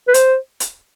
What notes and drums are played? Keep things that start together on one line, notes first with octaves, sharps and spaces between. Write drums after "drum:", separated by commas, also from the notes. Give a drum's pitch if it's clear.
B4
C5, drum: hi-hat
drum: hi-hat